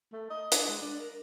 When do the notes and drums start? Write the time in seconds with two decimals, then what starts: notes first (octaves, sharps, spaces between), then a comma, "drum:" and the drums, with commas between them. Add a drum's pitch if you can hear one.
0.13 A3
0.30 D#5
0.52 D4, drum: hi-hat
0.69 G#3
0.82 D4
1.00 A#4